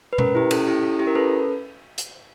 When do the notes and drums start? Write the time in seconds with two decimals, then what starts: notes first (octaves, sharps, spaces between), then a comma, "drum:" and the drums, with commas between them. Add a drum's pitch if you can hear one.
0.13 B4
0.18 C#4 A#4, drum: tom B2
0.35 E4 G4
0.51 C#4 A4, drum: cymbal
0.67 E4 G4
0.83 C#4
0.99 E4 G4
1.07 A#4
1.15 C#4 A4 B4
1.98 drum: hi-hat